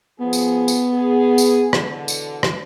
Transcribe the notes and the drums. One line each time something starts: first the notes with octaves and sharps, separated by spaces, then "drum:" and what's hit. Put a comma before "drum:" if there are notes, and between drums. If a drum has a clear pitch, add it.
F3 B3 G#4
drum: tambourine
drum: tambourine
G#4
drum: tambourine
E2 B2 D3, drum: rim click
drum: tambourine
drum: rim click